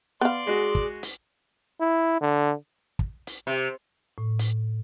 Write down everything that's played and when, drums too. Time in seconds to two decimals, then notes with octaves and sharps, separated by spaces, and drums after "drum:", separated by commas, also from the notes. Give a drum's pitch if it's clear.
0.21 B3 D5 F5 C6
0.47 G#3 F#4 G#4
0.75 drum: kick
1.03 drum: hi-hat
1.81 E4
2.21 D3
2.99 drum: kick
3.27 drum: hi-hat
3.47 C3
4.18 A2
4.39 drum: hi-hat